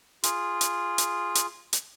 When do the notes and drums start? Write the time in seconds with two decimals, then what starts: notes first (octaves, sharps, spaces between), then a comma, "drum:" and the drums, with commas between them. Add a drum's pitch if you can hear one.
0.23 F4 G#4, drum: hi-hat
0.61 drum: hi-hat
0.98 drum: hi-hat
1.35 drum: hi-hat
1.73 drum: hi-hat